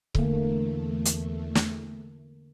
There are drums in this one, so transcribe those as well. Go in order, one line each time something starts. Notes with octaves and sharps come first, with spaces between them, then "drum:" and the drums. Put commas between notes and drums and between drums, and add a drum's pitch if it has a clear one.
E2 D3 A3 A#3, drum: kick C#1
drum: hi-hat
drum: snare